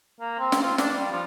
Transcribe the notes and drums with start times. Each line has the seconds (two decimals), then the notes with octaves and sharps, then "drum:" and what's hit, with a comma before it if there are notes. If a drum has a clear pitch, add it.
0.20 A#3
0.39 C4
0.52 drum: snare
0.62 F4
0.78 D4, drum: snare
0.94 G3
1.12 F3